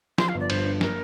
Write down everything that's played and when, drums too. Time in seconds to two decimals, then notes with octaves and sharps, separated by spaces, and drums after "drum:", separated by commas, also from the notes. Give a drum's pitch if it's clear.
0.18 F3 C6, drum: snare
0.29 F5
0.35 G1
0.40 D5
0.50 G2 C5, drum: cymbal
0.66 D4
0.81 A#3 A#4, drum: snare